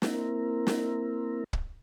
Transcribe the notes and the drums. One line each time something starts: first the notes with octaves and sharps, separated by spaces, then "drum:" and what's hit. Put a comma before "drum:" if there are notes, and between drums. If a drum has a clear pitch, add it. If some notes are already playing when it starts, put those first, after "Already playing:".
A#3 C4 E4 A#4, drum: snare
drum: snare
drum: kick